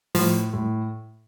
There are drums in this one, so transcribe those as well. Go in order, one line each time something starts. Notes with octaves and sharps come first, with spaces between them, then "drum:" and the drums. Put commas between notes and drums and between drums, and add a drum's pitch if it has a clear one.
A2 F3, drum: open hi-hat
A2